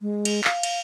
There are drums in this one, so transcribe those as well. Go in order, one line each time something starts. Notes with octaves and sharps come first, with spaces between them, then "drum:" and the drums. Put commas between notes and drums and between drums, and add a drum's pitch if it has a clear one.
G#3
drum: cymbal
F5, drum: clap
drum: cymbal